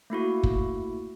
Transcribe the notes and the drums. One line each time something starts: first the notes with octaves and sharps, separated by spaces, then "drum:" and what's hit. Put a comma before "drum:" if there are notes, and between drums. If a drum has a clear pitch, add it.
A3 A#3 E4 F#4
drum: kick